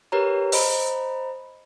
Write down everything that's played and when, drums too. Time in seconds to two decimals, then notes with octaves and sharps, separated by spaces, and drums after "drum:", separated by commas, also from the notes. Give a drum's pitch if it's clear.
0.12 G4 A#4 B4 C#5 A#5
0.52 C5 D#5 A#5 B5, drum: open hi-hat